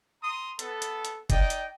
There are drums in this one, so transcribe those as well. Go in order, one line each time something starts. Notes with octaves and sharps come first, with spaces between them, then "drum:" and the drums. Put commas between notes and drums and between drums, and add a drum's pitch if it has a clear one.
A#5 C6 D#6
B3 A4, drum: hi-hat
drum: hi-hat
drum: hi-hat
D#4 D5 D#5 G5, drum: kick, hi-hat
drum: hi-hat